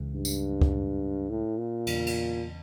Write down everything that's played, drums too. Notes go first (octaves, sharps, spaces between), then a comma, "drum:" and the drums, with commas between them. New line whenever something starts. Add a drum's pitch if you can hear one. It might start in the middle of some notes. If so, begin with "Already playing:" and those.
Already playing: C#2 C#3 E3
G2
drum: tambourine
drum: kick
A2
A#2
E2 C#3 G3 D4, drum: cymbal
drum: cymbal